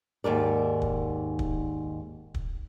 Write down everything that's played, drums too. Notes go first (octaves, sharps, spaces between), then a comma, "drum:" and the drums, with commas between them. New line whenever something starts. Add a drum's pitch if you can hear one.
D#2 G#2 A#4 D5
drum: kick
drum: kick
drum: kick